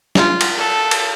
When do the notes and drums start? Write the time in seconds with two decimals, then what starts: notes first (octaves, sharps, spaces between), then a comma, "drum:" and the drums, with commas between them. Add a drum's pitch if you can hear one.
0.15 F4, drum: snare
0.41 drum: cymbal
0.57 A4
0.91 drum: cymbal